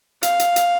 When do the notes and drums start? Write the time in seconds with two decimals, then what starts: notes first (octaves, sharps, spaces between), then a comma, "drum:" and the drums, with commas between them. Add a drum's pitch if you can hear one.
0.23 F5, drum: hi-hat
0.40 drum: hi-hat
0.56 drum: hi-hat